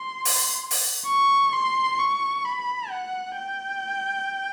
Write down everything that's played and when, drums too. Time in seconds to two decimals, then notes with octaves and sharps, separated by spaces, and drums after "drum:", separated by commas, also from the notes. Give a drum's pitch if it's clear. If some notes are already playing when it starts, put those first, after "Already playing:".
Already playing: C6
0.25 drum: open hi-hat
0.71 drum: open hi-hat
1.07 C#6
1.53 C6
1.99 C#6
2.45 B5
2.90 F#5
3.37 G5